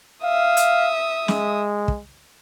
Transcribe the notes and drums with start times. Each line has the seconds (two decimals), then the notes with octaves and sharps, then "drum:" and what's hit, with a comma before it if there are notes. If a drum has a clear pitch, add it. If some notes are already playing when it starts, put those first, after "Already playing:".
0.24 E5 F5 D#6
0.57 drum: hi-hat
1.28 G#3, drum: snare
1.88 drum: kick